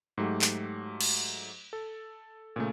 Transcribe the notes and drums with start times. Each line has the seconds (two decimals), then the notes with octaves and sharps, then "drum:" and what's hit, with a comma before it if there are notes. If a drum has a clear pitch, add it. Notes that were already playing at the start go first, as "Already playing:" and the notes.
0.18 G#2 F#3 A3 G4
0.42 drum: clap
1.01 drum: cymbal
1.73 A4
2.56 A#2 C#3 A3